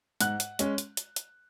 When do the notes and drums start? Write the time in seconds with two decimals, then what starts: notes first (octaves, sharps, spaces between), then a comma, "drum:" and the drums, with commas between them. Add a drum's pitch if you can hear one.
0.21 G#2 F#5 F#6, drum: hi-hat
0.40 drum: hi-hat
0.59 G#3 C#4, drum: hi-hat
0.78 drum: hi-hat
0.97 drum: hi-hat
1.16 drum: hi-hat